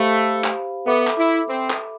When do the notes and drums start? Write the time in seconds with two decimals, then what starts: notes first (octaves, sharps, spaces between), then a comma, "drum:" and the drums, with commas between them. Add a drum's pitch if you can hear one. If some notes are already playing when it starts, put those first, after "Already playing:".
Already playing: A3 G4 C5 F5 B5
0.44 drum: clap
0.86 B3 A4 E5 B5 D6
1.07 drum: clap
1.18 E4
1.50 C4
1.70 drum: clap